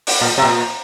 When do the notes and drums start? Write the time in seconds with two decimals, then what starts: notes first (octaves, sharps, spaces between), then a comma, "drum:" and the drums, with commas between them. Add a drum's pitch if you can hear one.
0.07 drum: open hi-hat
0.21 A#2
0.38 C3
0.42 A#2